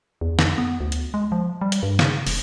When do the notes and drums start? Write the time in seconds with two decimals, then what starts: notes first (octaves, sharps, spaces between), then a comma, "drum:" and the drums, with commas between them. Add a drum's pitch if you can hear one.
0.21 E2
0.39 F2, drum: snare
0.58 B3
0.80 D2
0.92 drum: hi-hat
1.14 G#3
1.32 F3
1.61 G3
1.72 drum: hi-hat
1.83 G2
1.99 C#3, drum: snare
2.27 E1, drum: open hi-hat